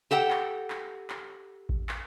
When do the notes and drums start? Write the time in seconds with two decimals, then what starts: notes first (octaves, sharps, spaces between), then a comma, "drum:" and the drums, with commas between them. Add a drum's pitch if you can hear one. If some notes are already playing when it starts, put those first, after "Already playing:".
0.11 G4 A4 F#5 G5
0.30 drum: clap
0.70 drum: clap
1.10 drum: clap
1.69 drum: kick A1
1.89 drum: clap